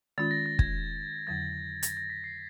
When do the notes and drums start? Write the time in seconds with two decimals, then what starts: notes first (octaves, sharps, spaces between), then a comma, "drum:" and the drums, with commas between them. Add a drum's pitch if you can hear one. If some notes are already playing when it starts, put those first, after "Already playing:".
0.18 D#3 G#3 C#4 F4 A6
0.31 A#6
0.46 A6
0.59 G#6, drum: kick
1.27 F2 D3 F#3 A6
1.83 A#6, drum: hi-hat
1.97 A#6
2.10 B6
2.24 C7